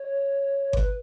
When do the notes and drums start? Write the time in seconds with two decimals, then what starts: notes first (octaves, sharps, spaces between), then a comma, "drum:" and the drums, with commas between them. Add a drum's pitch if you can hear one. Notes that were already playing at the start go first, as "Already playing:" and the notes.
Already playing: C#5
0.73 B4, drum: kick G1